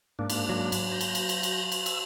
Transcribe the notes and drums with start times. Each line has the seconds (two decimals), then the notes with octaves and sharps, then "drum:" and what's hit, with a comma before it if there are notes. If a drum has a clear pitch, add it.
0.19 G#2 A#3 D4
0.30 drum: cymbal
0.49 F#3
0.72 drum: cymbal
0.92 G6 A#6
1.01 drum: cymbal
1.15 drum: cymbal
1.29 drum: cymbal
1.43 drum: cymbal
1.72 drum: cymbal
1.86 E6, drum: cymbal